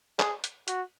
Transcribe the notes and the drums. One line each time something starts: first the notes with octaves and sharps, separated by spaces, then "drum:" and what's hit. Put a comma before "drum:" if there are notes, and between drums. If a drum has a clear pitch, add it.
G#4, drum: clap
drum: hi-hat
F#4, drum: hi-hat